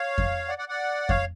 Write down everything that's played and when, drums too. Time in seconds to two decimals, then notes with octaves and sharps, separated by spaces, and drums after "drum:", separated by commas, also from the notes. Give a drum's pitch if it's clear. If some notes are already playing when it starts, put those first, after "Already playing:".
Already playing: C#5 F5
0.18 drum: kick F2
0.48 D5 F#5
0.58 D5 F#5
0.69 D5 F#5
1.09 C#5 F5, drum: kick F2